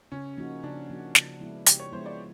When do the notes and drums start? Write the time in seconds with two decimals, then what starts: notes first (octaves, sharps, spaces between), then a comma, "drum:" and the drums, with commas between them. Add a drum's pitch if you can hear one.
0.12 C#3 C#4
0.37 F3 A#3 D#4 F#4
0.63 C#3 D4
0.90 F3 A#3 D#4 F#4
1.15 C#3, drum: snare
1.40 F3 G#3 B3 E4
1.66 C#3 G4, drum: hi-hat
1.80 C#5
1.92 F3 G#3 B3 E4 C5
2.06 D5